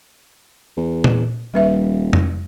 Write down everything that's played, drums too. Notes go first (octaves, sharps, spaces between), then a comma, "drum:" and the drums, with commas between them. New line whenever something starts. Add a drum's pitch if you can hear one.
E2
drum: tom A#2
D#1 G3 B4 E5
drum: tom F2